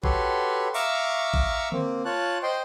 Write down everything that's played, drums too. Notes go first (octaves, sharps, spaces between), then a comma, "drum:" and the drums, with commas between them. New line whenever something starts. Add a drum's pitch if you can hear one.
F#4 G4 A4 B4 C#5 C6, drum: kick A1
E5 F5 A#5 C#6 D6 E6, drum: open hi-hat
drum: kick A1
A#3 C4, drum: tom D3
F4 C#5 A5 F#6
C5 D#5 G5 C6